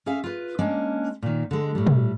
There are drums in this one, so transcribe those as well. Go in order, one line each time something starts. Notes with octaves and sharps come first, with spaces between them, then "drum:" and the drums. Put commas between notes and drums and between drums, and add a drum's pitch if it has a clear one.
C#4 G#4 E5 F5
F4 B4
G#3 A#3 C#4 D4
A#2 D#3
D3 G#3
A2 G3
drum: tom